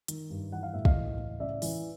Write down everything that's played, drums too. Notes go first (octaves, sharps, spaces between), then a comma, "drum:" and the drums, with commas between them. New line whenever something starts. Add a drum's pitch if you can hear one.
D#3, drum: hi-hat
G2
E3 F#5
F5
A2 E5
D#5 F5, drum: kick
E3
A2
C#3 D5 E5
E3, drum: open hi-hat